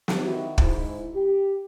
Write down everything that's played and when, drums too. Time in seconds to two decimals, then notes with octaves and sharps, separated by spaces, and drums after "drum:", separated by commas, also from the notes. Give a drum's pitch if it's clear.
0.08 drum: snare
0.24 D#3 E4 F#4
0.58 G#2 E4, drum: kick
1.14 G4